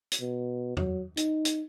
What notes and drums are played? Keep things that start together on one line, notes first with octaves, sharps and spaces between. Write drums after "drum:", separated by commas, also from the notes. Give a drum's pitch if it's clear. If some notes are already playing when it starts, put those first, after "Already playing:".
drum: hi-hat
B2
F#3, drum: tom E2
D#4, drum: hi-hat
drum: hi-hat